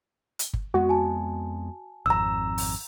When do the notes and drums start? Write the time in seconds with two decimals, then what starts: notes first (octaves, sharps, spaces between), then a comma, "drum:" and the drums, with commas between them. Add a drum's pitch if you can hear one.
0.39 drum: hi-hat
0.53 drum: kick G1
0.74 F2 G#3 B3 F#4
0.89 G#5 A5
2.06 G#1 F2 A#5 E6
2.58 drum: open hi-hat